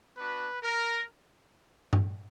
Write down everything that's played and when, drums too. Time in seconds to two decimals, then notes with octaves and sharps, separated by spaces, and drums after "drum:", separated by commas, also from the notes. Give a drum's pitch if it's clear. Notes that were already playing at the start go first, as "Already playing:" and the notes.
0.17 B3 D4 F#4 B4
0.63 A#4
1.93 drum: tom G2